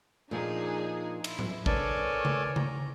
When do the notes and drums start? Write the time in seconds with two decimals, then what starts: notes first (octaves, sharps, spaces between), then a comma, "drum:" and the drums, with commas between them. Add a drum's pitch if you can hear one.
0.31 A#2 F3 D4 D#4 G#4
1.24 E4 C6, drum: cymbal
1.39 drum: tom A2
1.66 B3 D4 A4 A#4 C#5 D5 G#5, drum: kick
2.25 drum: tom C#3
2.56 A#5, drum: tom C#3